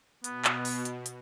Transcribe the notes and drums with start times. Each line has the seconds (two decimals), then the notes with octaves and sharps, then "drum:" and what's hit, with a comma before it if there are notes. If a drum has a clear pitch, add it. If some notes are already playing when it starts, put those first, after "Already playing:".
0.24 B2 B3, drum: hi-hat
0.45 drum: clap
0.65 drum: open hi-hat
0.85 drum: hi-hat
1.06 drum: hi-hat